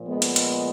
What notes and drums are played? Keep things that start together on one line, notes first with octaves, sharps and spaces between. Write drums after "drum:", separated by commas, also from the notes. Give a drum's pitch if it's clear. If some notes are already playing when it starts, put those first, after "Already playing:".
Already playing: A#2 F3
G#3 B3
drum: hi-hat
drum: hi-hat